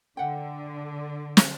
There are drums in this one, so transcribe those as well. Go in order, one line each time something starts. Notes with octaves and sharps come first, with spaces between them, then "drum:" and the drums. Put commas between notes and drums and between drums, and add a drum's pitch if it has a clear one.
D3 E5 F#5 G5
drum: snare